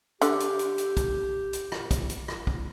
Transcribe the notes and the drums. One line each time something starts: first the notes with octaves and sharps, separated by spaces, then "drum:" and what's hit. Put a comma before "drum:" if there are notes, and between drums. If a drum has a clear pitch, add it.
D3 G4, drum: hi-hat
drum: hi-hat
drum: hi-hat
drum: hi-hat
drum: kick, hi-hat
drum: hi-hat
drum: rim click
drum: kick, hi-hat
drum: hi-hat
drum: rim click
drum: kick